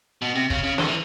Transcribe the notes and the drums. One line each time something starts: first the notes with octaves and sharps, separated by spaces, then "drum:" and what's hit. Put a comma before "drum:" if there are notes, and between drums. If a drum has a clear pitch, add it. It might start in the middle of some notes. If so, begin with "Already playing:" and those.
B2
C3
C#3, drum: kick
C#3
D3, drum: snare
E3